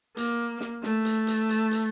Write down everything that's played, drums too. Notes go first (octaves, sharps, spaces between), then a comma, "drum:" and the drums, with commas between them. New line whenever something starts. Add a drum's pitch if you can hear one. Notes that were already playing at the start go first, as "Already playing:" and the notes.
A#3, drum: hi-hat
drum: snare
A3, drum: snare
drum: hi-hat
drum: hi-hat
drum: hi-hat
drum: hi-hat